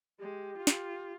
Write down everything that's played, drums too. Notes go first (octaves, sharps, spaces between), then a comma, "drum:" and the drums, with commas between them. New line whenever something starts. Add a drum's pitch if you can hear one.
G#3 G4
F4
drum: snare